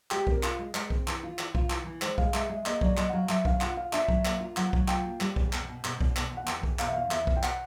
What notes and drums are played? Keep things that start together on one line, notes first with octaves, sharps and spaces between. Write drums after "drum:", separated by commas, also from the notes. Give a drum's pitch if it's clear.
G#3 G4, drum: clap
C4, drum: kick B1
A#4
F4, drum: clap
G#3
G#3, drum: clap
C4, drum: kick B1
E3, drum: clap
F4
E3, drum: clap
F4, drum: kick B1
E3, drum: clap
E3
G#3 C5, drum: clap
G#3 F5, drum: kick B1
G#3 E5, drum: clap
G#3 E5
A#3 D#5, drum: clap
F#3 D5, drum: kick B1
F#3 D#5, drum: clap
F#5
F#3 F5
F#3 E5, drum: clap
D4 F5, drum: kick B1
F4 F#5, drum: clap
F4 F5
D4 E5, drum: clap
F#3, drum: kick B1
A#3, drum: clap
F4
F#3 F#5, drum: clap
F#3, drum: kick B1
F4 G5, drum: clap
A#3
G3, drum: clap
E2, drum: kick B1
B2, drum: clap
B2
B2, drum: clap
B2, drum: kick B1
B2, drum: clap
E2
F#5
E2 G5, drum: clap
E2, drum: kick B1
B2 F5, drum: clap
E5
E2 F5
E2 E5, drum: clap
E2, drum: kick B1
G5
F#5, drum: clap